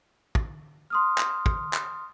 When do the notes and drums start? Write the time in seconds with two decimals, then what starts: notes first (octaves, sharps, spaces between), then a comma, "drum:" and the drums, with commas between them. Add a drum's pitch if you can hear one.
0.35 drum: kick
0.90 C6 D#6 F6
1.18 drum: clap
1.46 drum: kick
1.73 drum: clap